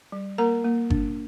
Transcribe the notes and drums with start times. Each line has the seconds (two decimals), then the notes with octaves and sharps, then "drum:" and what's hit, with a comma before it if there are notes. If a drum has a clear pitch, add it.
0.12 G3
0.38 A#3 A#4 A#5
0.65 A#3
0.90 D4, drum: kick G1